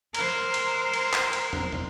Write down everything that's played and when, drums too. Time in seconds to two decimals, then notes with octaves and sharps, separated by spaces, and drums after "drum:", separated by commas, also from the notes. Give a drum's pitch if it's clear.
0.14 A#4 C5, drum: cymbal
0.54 drum: cymbal
0.93 drum: cymbal
1.13 drum: clap
1.33 drum: cymbal
1.53 drum: tom
1.72 drum: tom